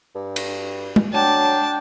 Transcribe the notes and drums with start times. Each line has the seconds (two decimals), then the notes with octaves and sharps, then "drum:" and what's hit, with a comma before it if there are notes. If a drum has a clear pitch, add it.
0.15 G2
0.36 drum: cymbal
0.96 drum: tom
1.13 F#3 D4 G5 A5